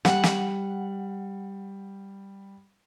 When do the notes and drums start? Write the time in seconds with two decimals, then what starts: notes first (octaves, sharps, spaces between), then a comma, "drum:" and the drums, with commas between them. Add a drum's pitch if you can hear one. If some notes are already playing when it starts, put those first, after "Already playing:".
0.05 G3 F#5, drum: snare
0.24 drum: snare